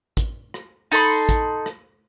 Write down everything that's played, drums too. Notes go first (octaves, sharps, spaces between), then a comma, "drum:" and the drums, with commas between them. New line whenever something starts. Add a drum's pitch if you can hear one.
drum: kick, hi-hat
drum: rim click
D#4 A4 B5 C6, drum: open hi-hat
drum: kick, hi-hat
drum: rim click